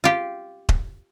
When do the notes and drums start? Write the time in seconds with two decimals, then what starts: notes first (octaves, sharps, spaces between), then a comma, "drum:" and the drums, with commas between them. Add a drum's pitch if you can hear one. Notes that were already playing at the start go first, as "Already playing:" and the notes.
0.04 F4 G4
0.69 drum: kick D#1